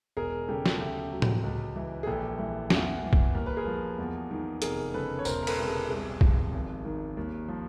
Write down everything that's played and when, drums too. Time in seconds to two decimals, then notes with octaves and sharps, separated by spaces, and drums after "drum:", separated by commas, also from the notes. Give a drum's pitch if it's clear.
0.17 E1 G#4 A#4
0.48 C#3 G4 A4
0.66 drum: snare
0.80 D2 G4 A4
1.12 F#3
1.22 drum: tom A2
1.43 C#2
1.76 E3
2.03 G#4
2.07 A#1 G4 A4
2.39 E3
2.70 E2, drum: snare
3.03 E3
3.13 drum: kick
3.34 D#2 A#4
3.46 B4
3.57 G#4 A#4
3.67 F3
3.99 E2
4.31 D#3
4.62 F1 G#4 A#4, drum: hi-hat
4.94 C#3 A4 B4
5.19 C#5
5.25 E1 A#4 C5, drum: tambourine
5.43 A#4
5.47 A4 B4, drum: cymbal
5.57 C3
5.68 G#4 A#4
5.89 C2 G#4
6.21 F3, drum: kick
6.53 G#1
6.85 D#3
7.17 D#2
7.48 F3